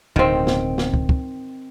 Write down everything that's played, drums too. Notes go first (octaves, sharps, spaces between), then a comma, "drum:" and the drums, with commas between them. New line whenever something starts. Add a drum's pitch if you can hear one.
D1 D2 B2 D#3 C4
drum: snare
drum: snare
drum: kick
drum: kick